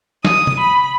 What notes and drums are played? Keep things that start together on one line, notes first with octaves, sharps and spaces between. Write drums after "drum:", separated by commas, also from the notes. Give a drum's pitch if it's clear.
D#6, drum: snare
drum: tom
B5